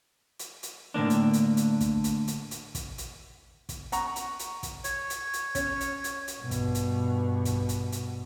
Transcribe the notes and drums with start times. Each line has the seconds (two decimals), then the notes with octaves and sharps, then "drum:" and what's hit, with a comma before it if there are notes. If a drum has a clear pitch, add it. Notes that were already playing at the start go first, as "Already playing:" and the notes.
0.39 drum: hi-hat
0.63 drum: hi-hat
0.94 A2 D3 A#3 D4
1.10 drum: hi-hat
1.33 drum: hi-hat
1.57 drum: hi-hat
1.80 drum: kick, hi-hat
2.04 drum: hi-hat
2.28 drum: hi-hat
2.51 drum: hi-hat
2.75 drum: kick, hi-hat
2.98 drum: hi-hat
3.69 drum: kick, hi-hat
3.92 F#5 A#5 C#6, drum: hi-hat
4.16 drum: hi-hat
4.39 drum: hi-hat
4.63 drum: kick, hi-hat
4.84 C#5, drum: hi-hat
5.10 drum: hi-hat
5.33 drum: hi-hat
5.55 C#4, drum: kick, hi-hat
5.81 drum: hi-hat
6.04 drum: hi-hat
6.28 drum: hi-hat
6.40 G2 B2
6.51 drum: kick, hi-hat
6.75 drum: hi-hat
7.45 drum: kick, hi-hat
7.69 drum: hi-hat
7.92 drum: hi-hat